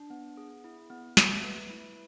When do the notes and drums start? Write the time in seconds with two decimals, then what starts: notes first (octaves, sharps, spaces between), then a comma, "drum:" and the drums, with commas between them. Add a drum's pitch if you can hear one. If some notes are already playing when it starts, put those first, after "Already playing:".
Already playing: D4
0.10 B3
0.37 G#4
0.64 E4
0.90 B3
1.17 A3, drum: snare
1.44 B4
1.70 E4